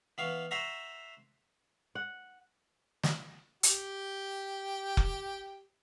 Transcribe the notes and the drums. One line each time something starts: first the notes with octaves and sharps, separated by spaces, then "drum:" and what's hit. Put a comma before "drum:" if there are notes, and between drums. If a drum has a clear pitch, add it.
E3 B3 F5 C#6
C5 E5 F#5 A#5 C#6
F#5
drum: snare
G4 G5, drum: hi-hat
drum: kick F1